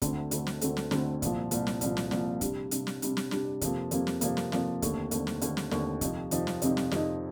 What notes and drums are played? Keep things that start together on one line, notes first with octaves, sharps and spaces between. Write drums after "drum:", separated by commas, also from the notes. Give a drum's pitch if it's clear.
D2 D3 A3 C4, drum: kick, hi-hat
D2 D3 A3 C4, drum: hi-hat
drum: snare
D2 D3 A3 C4, drum: hi-hat
drum: snare
D2 D3 A3 C4, drum: snare
C2 A#2 F3, drum: kick, hi-hat
C2 A#2 F3, drum: hi-hat
drum: snare
C2 A#2 F3, drum: hi-hat
drum: snare
C2 A#2 F3, drum: snare
C3 G3 D4, drum: kick, hi-hat
C3 G3 D4, drum: hi-hat
drum: snare
C3 G3 D4, drum: hi-hat
drum: snare
C3 G3 D4, drum: snare
F2 C3 F3 A#3, drum: kick, hi-hat
F2 C3 F3 A#3, drum: hi-hat
drum: snare
F2 C3 F3 A#3, drum: hi-hat
drum: snare
F2 C3 F3 A#3, drum: snare
D#2 D3 A3 C4, drum: kick, hi-hat
D#2 D3 A3 C4, drum: hi-hat
drum: snare
D#2 D3 A3 C4, drum: hi-hat
drum: snare
D#2 D3 A3 C4, drum: snare
F2 C3 F3 C4 D#4, drum: kick, hi-hat
F2 C3 F3 C4 D#4, drum: hi-hat
drum: snare
F2 C3 F3 C4 D#4, drum: hi-hat
drum: snare
F2 C3 F3 C4 D#4, drum: snare